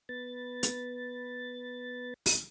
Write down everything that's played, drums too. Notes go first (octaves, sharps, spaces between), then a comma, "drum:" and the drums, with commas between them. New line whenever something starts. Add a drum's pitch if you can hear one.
B3 B4 A6
drum: hi-hat
drum: open hi-hat